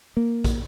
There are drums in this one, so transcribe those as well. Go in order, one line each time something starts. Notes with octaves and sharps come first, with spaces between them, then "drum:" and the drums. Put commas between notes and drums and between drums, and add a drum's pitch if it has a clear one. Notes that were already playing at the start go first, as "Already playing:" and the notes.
A#3
drum: kick, hi-hat